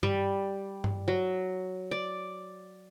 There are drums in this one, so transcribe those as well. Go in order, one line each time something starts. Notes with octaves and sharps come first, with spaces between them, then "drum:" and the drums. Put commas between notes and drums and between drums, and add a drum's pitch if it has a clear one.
G3, drum: tom G2
drum: tom G2
F#3
D5